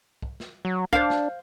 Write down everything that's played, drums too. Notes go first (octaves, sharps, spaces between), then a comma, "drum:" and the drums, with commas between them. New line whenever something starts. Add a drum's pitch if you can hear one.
drum: kick
drum: snare
F#3
D4 C5 F5, drum: kick
drum: snare